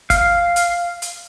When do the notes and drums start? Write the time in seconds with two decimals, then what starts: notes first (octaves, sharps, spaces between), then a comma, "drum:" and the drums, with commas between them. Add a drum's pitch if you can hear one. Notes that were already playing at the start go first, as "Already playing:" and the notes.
0.10 F5, drum: kick, hi-hat
0.56 drum: hi-hat
1.02 drum: hi-hat